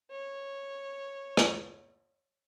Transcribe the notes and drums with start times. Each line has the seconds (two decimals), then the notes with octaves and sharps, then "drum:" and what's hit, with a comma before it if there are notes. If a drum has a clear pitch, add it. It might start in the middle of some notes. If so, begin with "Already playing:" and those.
0.11 C#5
1.37 drum: rim click